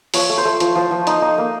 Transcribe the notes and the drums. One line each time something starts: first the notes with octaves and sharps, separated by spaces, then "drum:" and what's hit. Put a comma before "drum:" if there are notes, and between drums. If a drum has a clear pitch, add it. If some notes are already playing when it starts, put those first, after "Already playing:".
F3 C#5, drum: open hi-hat
A3
C5
A3
F3, drum: hi-hat
F3
F3
D#4, drum: hi-hat
D#4
A#3